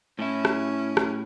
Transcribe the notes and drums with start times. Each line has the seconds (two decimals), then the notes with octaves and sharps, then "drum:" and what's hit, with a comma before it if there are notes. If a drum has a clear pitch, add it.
0.19 A2 C#4 E4
0.45 drum: rim click
0.97 drum: rim click